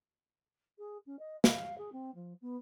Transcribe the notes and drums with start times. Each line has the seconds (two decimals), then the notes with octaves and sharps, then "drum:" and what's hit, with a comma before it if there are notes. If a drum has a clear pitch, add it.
0.78 G#4
1.06 C#4
1.19 D#5
1.44 F5, drum: snare
1.78 G#4
1.92 C4
2.15 F3
2.42 B3